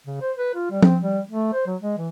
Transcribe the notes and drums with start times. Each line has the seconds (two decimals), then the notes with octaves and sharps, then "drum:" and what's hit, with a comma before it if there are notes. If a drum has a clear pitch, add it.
0.07 C#3
0.21 C5
0.37 B4
0.55 F4
0.71 G3
0.82 C4, drum: tom
1.01 G3
1.31 A3
1.53 C5
1.67 F#3
1.82 G#3
1.97 E3